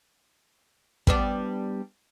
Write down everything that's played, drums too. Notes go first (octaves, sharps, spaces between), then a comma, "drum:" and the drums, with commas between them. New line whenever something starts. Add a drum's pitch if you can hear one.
G3 B3 D4, drum: kick